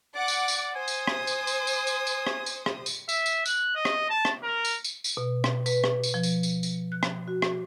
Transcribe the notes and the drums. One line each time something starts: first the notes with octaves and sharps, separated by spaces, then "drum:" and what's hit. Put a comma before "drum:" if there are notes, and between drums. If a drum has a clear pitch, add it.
D5 F#5 D6
drum: tambourine
drum: tambourine
C5 G#5 D#6
drum: tambourine
drum: rim click
drum: tambourine
drum: tambourine
drum: tambourine
drum: tambourine
drum: tambourine
drum: rim click
drum: tambourine
drum: rim click
drum: tambourine
E5, drum: tambourine
drum: tambourine
F#6, drum: tambourine
D#5
drum: rim click
A5
drum: rim click
A#4
drum: tambourine
drum: tambourine
drum: tambourine
B2
drum: rim click
B4, drum: tambourine
drum: rim click
drum: tambourine
F3
drum: tambourine
drum: tambourine
drum: tambourine
F#6
drum: rim click
F#4
drum: rim click